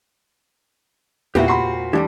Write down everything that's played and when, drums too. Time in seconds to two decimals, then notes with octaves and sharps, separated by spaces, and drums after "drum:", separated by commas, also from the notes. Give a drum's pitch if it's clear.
1.35 A#2 B3 C4 E4 F#4 G4 F#5 G5, drum: tom E2
1.48 B5 C6 C7
1.93 E3 G3 A3 D4 E4 G4